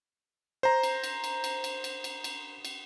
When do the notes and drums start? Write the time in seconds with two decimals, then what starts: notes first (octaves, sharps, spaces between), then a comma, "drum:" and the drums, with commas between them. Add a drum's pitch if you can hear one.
0.63 C5 A#5
0.83 drum: cymbal
1.04 drum: cymbal
1.24 drum: cymbal
1.44 drum: cymbal
1.64 drum: cymbal
1.84 drum: cymbal
2.04 drum: cymbal
2.24 drum: cymbal
2.65 drum: cymbal